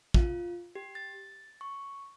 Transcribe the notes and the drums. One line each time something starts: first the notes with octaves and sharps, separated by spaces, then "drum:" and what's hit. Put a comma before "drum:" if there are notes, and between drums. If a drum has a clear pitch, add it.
F4, drum: kick
G4
A6
C#6